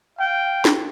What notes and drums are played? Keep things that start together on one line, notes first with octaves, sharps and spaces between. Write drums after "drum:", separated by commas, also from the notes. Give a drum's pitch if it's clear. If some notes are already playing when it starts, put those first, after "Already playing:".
F5 G5
drum: snare